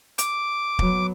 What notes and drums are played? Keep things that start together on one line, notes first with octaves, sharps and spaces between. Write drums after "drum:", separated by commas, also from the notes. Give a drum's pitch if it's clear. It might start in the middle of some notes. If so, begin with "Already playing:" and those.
D6, drum: hi-hat
F#3 B3, drum: kick